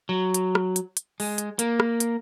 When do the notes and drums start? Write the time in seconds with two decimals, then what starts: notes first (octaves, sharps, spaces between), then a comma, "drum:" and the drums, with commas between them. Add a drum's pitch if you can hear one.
0.09 F#3
0.34 drum: hi-hat
0.55 drum: rim click
0.76 drum: hi-hat
0.97 drum: hi-hat
1.20 G#3, drum: open hi-hat
1.38 drum: hi-hat
1.59 A#3, drum: hi-hat
1.80 drum: rim click
2.00 drum: hi-hat